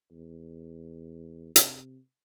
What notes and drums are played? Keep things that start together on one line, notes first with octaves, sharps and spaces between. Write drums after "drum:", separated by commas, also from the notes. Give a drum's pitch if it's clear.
E2
C3, drum: hi-hat